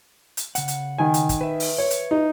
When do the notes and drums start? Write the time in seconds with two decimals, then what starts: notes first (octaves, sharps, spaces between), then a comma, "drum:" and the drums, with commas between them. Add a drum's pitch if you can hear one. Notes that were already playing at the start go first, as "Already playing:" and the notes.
0.37 drum: hi-hat
0.55 C#3 F#5, drum: hi-hat
0.68 drum: hi-hat
0.98 D#3 G#5
1.14 drum: hi-hat
1.29 drum: kick, hi-hat
1.41 B4 E5
1.60 drum: open hi-hat
1.78 C#5
1.90 drum: hi-hat
2.11 D#4